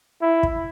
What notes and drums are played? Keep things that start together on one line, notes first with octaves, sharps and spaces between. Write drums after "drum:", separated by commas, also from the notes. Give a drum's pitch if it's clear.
E4
drum: kick